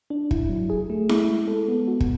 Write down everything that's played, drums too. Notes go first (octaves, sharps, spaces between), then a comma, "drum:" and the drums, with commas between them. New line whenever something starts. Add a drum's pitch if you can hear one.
D4
E4, drum: kick
F#3
G#4
A3
E4, drum: snare E4
G#3
A4
B3
F#4
drum: kick